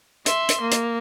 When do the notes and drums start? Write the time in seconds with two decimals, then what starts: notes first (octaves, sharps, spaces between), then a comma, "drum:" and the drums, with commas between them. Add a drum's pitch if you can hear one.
0.26 E5 C6, drum: hi-hat
0.49 drum: hi-hat
0.62 A#3
0.72 drum: hi-hat